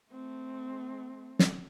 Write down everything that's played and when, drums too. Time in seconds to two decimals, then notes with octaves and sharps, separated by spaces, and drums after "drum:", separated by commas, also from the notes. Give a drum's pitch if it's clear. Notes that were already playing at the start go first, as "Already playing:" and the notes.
0.11 A3 C4
1.39 drum: snare